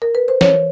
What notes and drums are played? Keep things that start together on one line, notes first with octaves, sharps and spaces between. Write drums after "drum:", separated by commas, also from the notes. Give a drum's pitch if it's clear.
A#4
B4
C5
E3 C#5, drum: snare